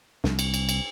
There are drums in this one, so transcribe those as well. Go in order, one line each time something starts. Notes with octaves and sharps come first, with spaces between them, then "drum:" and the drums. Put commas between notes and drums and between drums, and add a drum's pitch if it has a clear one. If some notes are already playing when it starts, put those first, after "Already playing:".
C2, drum: snare
drum: cymbal
drum: cymbal
drum: cymbal